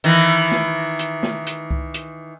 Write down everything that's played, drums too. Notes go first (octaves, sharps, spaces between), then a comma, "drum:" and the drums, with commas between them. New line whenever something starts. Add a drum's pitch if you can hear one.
D#3 E3, drum: hi-hat
drum: snare
drum: hi-hat
drum: snare
drum: hi-hat
drum: kick C2
drum: hi-hat